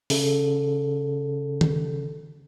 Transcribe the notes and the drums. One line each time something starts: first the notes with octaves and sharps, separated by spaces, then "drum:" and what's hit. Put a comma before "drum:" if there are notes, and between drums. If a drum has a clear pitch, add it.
C#3 A4, drum: open hi-hat
drum: tom D#3